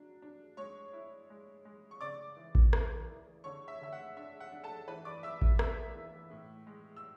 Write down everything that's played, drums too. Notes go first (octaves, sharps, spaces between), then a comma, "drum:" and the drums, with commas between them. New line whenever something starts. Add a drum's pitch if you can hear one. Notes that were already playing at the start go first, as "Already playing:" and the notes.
Already playing: F#3 D4
D4
G#3 C#5 C#6
E4
G#3
G#3
C#6
C#3 D5 D6
E3
drum: kick A1
E3, drum: rim click
E3
D3 C#5 C#6
E5
D3 E5
F#5
D4 E5
F#5
D4
A4 A5
E3 B4 B5
D5 D6
E3 E5 E6
drum: kick A1
B3 E5 E6, drum: rim click
E3
A2
G#3
E6